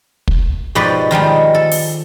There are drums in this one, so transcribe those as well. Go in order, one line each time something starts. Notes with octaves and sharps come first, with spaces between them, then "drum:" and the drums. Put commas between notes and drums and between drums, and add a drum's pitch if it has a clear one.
drum: kick
G#2 B2 F3 G4 B4 D5
D#3 F3 G3 G#3
A4
drum: open hi-hat